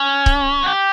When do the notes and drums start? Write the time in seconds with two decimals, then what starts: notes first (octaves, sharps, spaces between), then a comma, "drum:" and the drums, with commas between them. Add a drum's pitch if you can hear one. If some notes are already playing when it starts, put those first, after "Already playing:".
Already playing: C#4
0.26 drum: kick C#1
0.63 F#4
0.67 G4